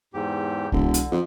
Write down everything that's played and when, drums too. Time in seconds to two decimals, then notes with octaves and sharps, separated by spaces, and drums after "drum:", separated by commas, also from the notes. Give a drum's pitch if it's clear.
0.14 E2 G#2 G4
0.72 E1 D3, drum: kick C2
0.94 drum: hi-hat
1.11 F2